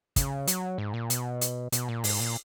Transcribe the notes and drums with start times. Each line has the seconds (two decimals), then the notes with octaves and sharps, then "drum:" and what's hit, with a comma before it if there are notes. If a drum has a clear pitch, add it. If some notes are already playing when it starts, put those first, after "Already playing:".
0.16 C#3, drum: kick, hi-hat
0.47 F#3, drum: hi-hat
0.78 G#2
0.94 A#2
1.10 B2, drum: hi-hat
1.41 drum: hi-hat
1.72 B2, drum: hi-hat
1.88 A#2
2.04 G#2, drum: open hi-hat
2.20 A#2